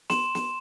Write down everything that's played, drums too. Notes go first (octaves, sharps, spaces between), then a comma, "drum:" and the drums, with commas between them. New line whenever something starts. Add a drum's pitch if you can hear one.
C6 E7, drum: snare
drum: snare